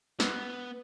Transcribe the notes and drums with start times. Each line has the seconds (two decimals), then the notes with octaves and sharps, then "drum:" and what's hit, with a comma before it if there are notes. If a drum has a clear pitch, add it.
0.20 B3, drum: snare